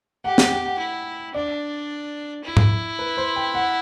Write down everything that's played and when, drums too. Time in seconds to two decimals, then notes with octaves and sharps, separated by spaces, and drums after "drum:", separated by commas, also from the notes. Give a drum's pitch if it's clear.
0.24 G4 F#5
0.38 G5, drum: snare
0.53 G5
0.66 F#5
0.79 E4
1.34 D4 D5
2.44 E4
2.57 drum: tom G#2
2.99 B4
3.17 C5
3.36 G5
3.55 F#5